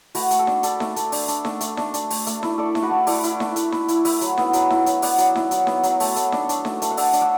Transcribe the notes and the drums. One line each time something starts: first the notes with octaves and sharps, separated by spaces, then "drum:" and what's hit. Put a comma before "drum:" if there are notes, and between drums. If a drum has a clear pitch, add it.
A3 F#4 B4, drum: open hi-hat
A3, drum: hi-hat
A4
D4, drum: snare D#4
D4 A4 D5, drum: hi-hat
A3, drum: snare D#4
A3, drum: hi-hat
D4, drum: open hi-hat
D4, drum: hi-hat
A3, drum: snare D#4
A3, drum: hi-hat
D4, drum: snare D#4
D4, drum: hi-hat
A3, drum: open hi-hat
A3, drum: hi-hat
E4, drum: snare D#4
E4 A4 D5
A3, drum: snare D#4
F#4 B4
A3
E4 A4 D5, drum: open hi-hat
E4, drum: hi-hat
A3, drum: snare D#4
A3, drum: hi-hat
E4, drum: snare D#4
E4, drum: hi-hat
E4 B4 E5, drum: open hi-hat
F#3, drum: hi-hat
B3, drum: snare D#4
F#3, drum: hi-hat
E4, drum: snare D#4
F#3, drum: hi-hat
B3 D5 F#5, drum: open hi-hat
F#3, drum: hi-hat
E4, drum: snare D#4
F#3, drum: hi-hat
B3, drum: snare D#4
F#3, drum: hi-hat
A3 E5 A5, drum: open hi-hat
A3, drum: hi-hat
D4, drum: snare D#4
D4, drum: hi-hat
A3, drum: snare D#4
A3, drum: hi-hat
F#5
D4 E5 A5, drum: open hi-hat
D4, drum: hi-hat
D5 F#5